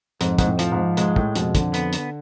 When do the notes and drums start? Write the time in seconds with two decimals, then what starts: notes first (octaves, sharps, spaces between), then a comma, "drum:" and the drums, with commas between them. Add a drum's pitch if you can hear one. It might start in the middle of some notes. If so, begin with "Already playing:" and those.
0.21 F2 G#2, drum: hi-hat
0.39 G#2, drum: kick, hi-hat
0.47 A2
0.59 F3, drum: hi-hat
0.72 G#2
0.97 G#2 G#3, drum: hi-hat
1.16 A2, drum: kick
1.36 F2 B2, drum: hi-hat
1.55 D3, drum: kick, hi-hat
1.74 B3, drum: hi-hat
1.93 drum: hi-hat